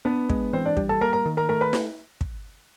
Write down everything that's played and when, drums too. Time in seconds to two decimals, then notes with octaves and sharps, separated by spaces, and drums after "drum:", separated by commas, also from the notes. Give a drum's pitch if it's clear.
0.05 B3 D4 B4
0.30 G#3, drum: kick
0.53 E3 C4 C5
0.65 D4 D5
0.77 G3, drum: kick
0.89 A4 A5
1.01 A#3 A#4 A#5
1.13 A#4 A#5
1.26 D#3
1.37 A#4 A#5
1.49 A3 A#4 A#5
1.61 B4 B5
1.73 drum: snare
2.21 drum: kick